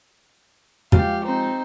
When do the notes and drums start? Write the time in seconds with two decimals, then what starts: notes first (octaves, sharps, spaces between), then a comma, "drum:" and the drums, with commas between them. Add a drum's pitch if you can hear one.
0.92 F3 G#3 G4 F5 A6, drum: tom E2
1.24 C4 D#4